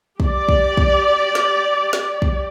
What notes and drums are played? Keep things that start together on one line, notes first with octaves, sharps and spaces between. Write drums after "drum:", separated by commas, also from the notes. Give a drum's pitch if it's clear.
G4 D5, drum: kick
drum: kick
drum: kick
drum: snare
drum: snare
drum: kick